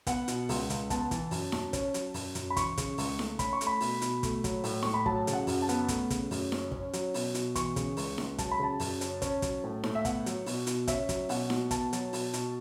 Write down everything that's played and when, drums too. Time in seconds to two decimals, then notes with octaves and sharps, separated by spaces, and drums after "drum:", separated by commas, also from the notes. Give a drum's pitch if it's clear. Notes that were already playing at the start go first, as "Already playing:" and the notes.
0.07 B3 F#5, drum: kick, hi-hat
0.28 B2, drum: hi-hat
0.49 C#2, drum: open hi-hat
0.70 C#2, drum: hi-hat
0.90 B3 A5, drum: kick, hi-hat
1.11 E3, drum: kick, hi-hat
1.31 F#2, drum: open hi-hat
1.52 F#2, drum: snare D#4
1.73 C#4, drum: kick, hi-hat
1.94 F#3, drum: hi-hat
2.14 F#2, drum: open hi-hat
2.35 F#2, drum: hi-hat
2.50 B5
2.57 E3 C#6, drum: kick, hi-hat
2.78 C#3, drum: kick, hi-hat
2.98 C#2, drum: open hi-hat
3.19 A3, drum: snare D#4
3.39 C#4 B5, drum: kick, hi-hat
3.53 C#6
3.61 A3, drum: hi-hat
3.67 B5
3.81 B2, drum: open hi-hat
4.02 B2, drum: hi-hat
4.23 A3, drum: kick, hi-hat
4.44 F#3, drum: kick, hi-hat
4.64 A2, drum: open hi-hat
4.83 A2 C#6, drum: snare D#4
4.94 B5
5.06 F#3 A5, drum: kick
5.27 C#3, drum: hi-hat
5.33 F#5
5.47 F#2, drum: open hi-hat
5.62 A5
5.69 B3, drum: hi-hat
5.88 A3, drum: kick, hi-hat
6.10 C#3, drum: kick, hi-hat
6.31 F#2, drum: open hi-hat
6.52 C#4, drum: snare D#4
6.72 C#4, drum: kick
6.93 F#3, drum: hi-hat
7.14 B2, drum: open hi-hat
7.35 B2, drum: hi-hat
7.55 E3 C#6, drum: kick, hi-hat
7.76 C#3, drum: kick, hi-hat
7.97 C#2, drum: open hi-hat
8.18 C#2, drum: snare D#4
8.38 F#3 A5, drum: kick, hi-hat
8.51 B5
8.59 C#3 A5
8.80 F#2, drum: open hi-hat
9.01 C#4, drum: hi-hat
9.22 C#4, drum: kick, hi-hat
9.42 F#3, drum: kick, hi-hat
9.64 A2
9.84 A2, drum: snare D#4
9.95 E5
10.05 B3 F#5, drum: kick, hi-hat
10.26 F#3, drum: hi-hat
10.46 B2, drum: open hi-hat
10.67 B2, drum: hi-hat
10.88 C#4 E5, drum: kick, hi-hat
11.09 F#3, drum: kick, hi-hat
11.29 B2 F#5, drum: open hi-hat
11.50 B2, drum: snare D#4
11.71 B3 A5, drum: kick, hi-hat
11.93 F#3, drum: hi-hat
12.13 B2, drum: open hi-hat
12.33 B2, drum: hi-hat